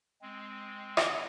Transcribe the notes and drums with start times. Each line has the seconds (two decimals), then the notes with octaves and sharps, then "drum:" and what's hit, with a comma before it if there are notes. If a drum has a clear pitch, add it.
0.22 G#3 C4
0.97 drum: rim click